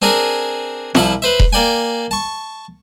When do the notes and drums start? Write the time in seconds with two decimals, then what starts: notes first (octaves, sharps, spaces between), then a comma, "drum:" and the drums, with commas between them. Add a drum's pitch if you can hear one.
0.02 C4 D4 G#4 A#4 G#5
0.95 C2 F3 E4, drum: snare
1.22 B4 C5 E5
1.39 drum: kick E1
1.53 A#3 D5 G5 G#5
2.11 A5 C#6